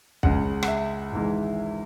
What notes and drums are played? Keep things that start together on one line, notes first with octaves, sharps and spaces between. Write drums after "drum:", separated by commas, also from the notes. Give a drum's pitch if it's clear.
C#2 C#3 G#3 F#5, drum: kick
F#5, drum: rim click
E5
G#1 G#2 E3 G#3